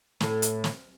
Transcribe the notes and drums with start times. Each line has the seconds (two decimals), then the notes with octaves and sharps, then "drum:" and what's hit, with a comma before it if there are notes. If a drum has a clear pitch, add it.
0.20 A2 A4, drum: snare
0.42 drum: hi-hat
0.64 drum: snare